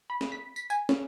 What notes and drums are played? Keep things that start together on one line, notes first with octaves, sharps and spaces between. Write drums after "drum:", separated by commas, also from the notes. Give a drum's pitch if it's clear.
B5
drum: snare
B6
B6, drum: tambourine
G#5, drum: tambourine
C#4, drum: snare